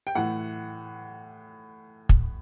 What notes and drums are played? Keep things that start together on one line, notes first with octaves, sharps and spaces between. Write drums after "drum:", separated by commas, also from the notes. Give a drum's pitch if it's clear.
G5
A2 E3 F#5
drum: kick